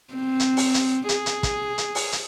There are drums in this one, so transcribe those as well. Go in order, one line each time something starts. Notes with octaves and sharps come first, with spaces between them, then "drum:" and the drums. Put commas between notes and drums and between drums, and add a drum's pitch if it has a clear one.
C4
drum: hi-hat
drum: open hi-hat
drum: hi-hat
G#4, drum: hi-hat
drum: hi-hat
drum: kick, hi-hat
drum: hi-hat
drum: open hi-hat
drum: hi-hat